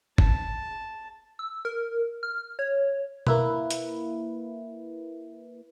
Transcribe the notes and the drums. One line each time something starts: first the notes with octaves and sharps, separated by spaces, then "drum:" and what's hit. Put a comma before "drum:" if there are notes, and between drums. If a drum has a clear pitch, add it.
A5, drum: kick
E6
A#4
F6
C#5
A#3 E4 B4, drum: tom B2
drum: hi-hat